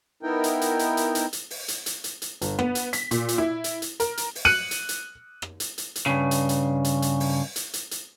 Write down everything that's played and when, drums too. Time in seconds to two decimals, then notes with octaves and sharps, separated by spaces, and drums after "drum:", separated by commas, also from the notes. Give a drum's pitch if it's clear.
0.23 B3 D#4 E4 A#4 G5
0.44 drum: hi-hat
0.61 drum: hi-hat
0.79 drum: hi-hat
0.97 drum: hi-hat
1.15 drum: hi-hat
1.33 drum: hi-hat
1.50 drum: open hi-hat
1.68 drum: hi-hat
1.86 drum: hi-hat
2.04 drum: hi-hat
2.22 drum: hi-hat
2.42 G1, drum: hi-hat
2.59 B3, drum: rim click
2.75 drum: hi-hat
2.93 B6, drum: hi-hat
3.11 A#2, drum: hi-hat
3.28 drum: hi-hat
3.38 E4
3.64 drum: hi-hat
3.82 drum: hi-hat
4.00 A#4, drum: hi-hat
4.17 drum: hi-hat
4.35 drum: open hi-hat
4.45 F#6 C#7 D#7 F#7
4.71 drum: hi-hat
4.89 drum: hi-hat
5.42 drum: rim click
5.60 drum: hi-hat
5.78 drum: hi-hat
5.96 drum: hi-hat
6.06 G2 C#3
6.31 drum: hi-hat
6.49 drum: hi-hat
6.85 drum: hi-hat
7.02 drum: hi-hat
7.20 drum: open hi-hat
7.56 drum: hi-hat
7.74 drum: hi-hat
7.91 drum: hi-hat